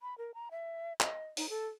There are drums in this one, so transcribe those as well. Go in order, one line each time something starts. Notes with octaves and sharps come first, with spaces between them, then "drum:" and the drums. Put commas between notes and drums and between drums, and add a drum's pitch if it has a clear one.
B5
A#4
A#5
E5
D#5, drum: clap
D#4, drum: open hi-hat
A4